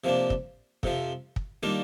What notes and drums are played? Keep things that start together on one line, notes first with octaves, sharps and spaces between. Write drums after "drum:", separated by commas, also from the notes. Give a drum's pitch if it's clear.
C3 F3 A#3 D4
drum: kick
F2 C3 F3, drum: kick
drum: kick
D#3 G3 A#3 D4 F4